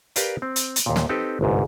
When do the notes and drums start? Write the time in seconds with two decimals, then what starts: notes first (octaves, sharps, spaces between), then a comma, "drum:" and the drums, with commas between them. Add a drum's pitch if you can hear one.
0.16 G4 A#4 B4 D5 F5 G5, drum: hi-hat
0.42 C4
0.56 drum: hi-hat
0.76 drum: hi-hat
0.86 D#2 A#2
0.96 drum: snare
1.09 C4 D#4 G4 A4 B4
1.41 G1 C2 G#2